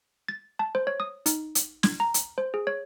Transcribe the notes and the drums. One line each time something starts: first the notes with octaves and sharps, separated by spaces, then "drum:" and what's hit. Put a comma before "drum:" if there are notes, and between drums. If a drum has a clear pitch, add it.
A6
A5
C5
C#5
D#6
D#4, drum: hi-hat
drum: hi-hat
G#6, drum: snare
A#5
drum: hi-hat
C5
G#4
C#5